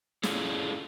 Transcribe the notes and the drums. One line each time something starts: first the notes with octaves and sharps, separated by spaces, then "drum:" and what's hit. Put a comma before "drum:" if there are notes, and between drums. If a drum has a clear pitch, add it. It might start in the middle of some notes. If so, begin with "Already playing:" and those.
C#4 D4 E4 F4 G#4 A4, drum: snare